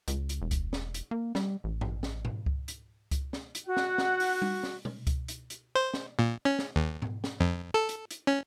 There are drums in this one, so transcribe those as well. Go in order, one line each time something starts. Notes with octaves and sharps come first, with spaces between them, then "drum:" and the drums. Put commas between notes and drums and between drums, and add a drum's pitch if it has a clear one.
C#2, drum: hi-hat
drum: hi-hat
E1
drum: kick C#2, hi-hat
drum: snare
drum: hi-hat
A#3
G3, drum: snare
A1
drum: tom G2
drum: snare
drum: tom G#2
drum: kick C#2
drum: hi-hat
drum: kick C#2, hi-hat
drum: snare
drum: hi-hat
F#4 F#5
drum: snare
drum: snare
drum: open hi-hat
drum: tom G3
drum: snare
drum: tom B2
drum: kick C#2, hi-hat
drum: hi-hat
drum: hi-hat
C5
drum: snare
A#2
C#4
drum: snare
D#2
drum: tom G#2
drum: snare
F2
A4
drum: hi-hat
drum: hi-hat
C#4